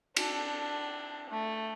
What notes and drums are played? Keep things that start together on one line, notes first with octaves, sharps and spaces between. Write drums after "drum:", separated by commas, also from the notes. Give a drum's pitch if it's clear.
D4, drum: cymbal
A3